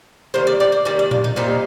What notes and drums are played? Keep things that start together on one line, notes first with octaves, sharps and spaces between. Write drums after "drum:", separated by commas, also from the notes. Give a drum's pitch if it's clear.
D#3 G3 A#3 C5
D5
D5
C5
D#3 G3 A#3 D5
D5
F4, drum: tom A#2
D#4
A#2 G3 C4 D#4 F4